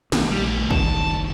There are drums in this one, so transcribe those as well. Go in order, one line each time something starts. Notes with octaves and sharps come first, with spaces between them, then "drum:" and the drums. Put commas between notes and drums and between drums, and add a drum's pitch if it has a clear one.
B1 D#3, drum: snare
A#1 G3
D#3 A3
F#1 C2 D#3 A5, drum: kick